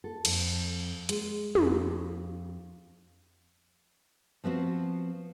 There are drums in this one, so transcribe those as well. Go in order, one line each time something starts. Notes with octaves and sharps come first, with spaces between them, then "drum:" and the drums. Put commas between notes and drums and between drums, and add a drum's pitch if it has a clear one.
A4
F2, drum: cymbal
G#3, drum: hi-hat
F2, drum: tom
F3 B3 C4 F#4